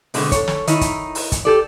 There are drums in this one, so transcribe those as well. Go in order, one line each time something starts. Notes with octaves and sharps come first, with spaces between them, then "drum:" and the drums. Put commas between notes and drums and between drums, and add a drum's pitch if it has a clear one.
B2 D3 F3 G#3 C4, drum: open hi-hat
A4 C#5, drum: kick, hi-hat
drum: snare
D#3 D#4 E4, drum: hi-hat
drum: kick, hi-hat
drum: open hi-hat
drum: kick, hi-hat
G4 A4 D5